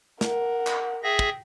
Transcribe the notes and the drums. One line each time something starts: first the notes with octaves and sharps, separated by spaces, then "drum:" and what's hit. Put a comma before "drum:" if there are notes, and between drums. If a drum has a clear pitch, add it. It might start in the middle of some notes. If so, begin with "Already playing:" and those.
A#4 F#5, drum: snare
drum: clap
G#4 E5 G5 A#6
drum: kick